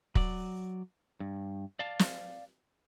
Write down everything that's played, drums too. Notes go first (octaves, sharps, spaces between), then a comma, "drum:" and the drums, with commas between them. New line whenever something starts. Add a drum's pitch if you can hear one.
F#3 D5, drum: kick
G2
D5 F5 A5
drum: snare